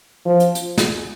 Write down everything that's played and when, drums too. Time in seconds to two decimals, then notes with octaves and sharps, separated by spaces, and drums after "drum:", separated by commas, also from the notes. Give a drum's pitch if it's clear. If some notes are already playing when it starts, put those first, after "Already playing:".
0.26 F3
0.40 drum: hi-hat
0.55 drum: hi-hat
0.78 drum: snare